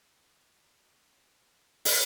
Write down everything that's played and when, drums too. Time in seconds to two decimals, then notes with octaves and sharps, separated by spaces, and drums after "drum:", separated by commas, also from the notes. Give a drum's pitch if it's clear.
0.20 G4
1.48 A1 D2 F#4 G5
1.85 drum: open hi-hat